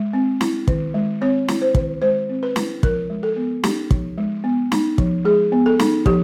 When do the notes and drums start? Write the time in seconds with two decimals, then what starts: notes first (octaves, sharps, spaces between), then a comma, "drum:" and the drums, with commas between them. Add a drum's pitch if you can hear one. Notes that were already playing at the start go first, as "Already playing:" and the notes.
Already playing: G#3
0.13 C4
0.41 E4, drum: snare
0.68 D#3, drum: kick
0.94 G#3
1.21 C4 C#5
1.48 E4, drum: snare
1.62 C5
1.75 D#3, drum: kick
2.02 G#3 C5
2.29 C4
2.43 B4
2.56 E4, drum: snare
2.83 F3 A#4, drum: kick
3.10 G#3
3.23 A4
3.36 B3
3.64 D#4 G4, drum: snare
3.91 F3, drum: kick
4.18 G#3
4.44 B3
4.72 D#4, drum: snare
4.98 F3, drum: kick
5.25 G#3 G#4
5.52 B3
5.66 A4
5.79 D#4, drum: snare
6.06 F3 G4, drum: kick